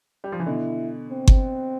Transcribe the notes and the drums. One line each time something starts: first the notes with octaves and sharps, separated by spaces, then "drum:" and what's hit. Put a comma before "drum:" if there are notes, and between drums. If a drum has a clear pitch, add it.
G3
F3
E3
B2 D3 E4
C4
drum: kick G1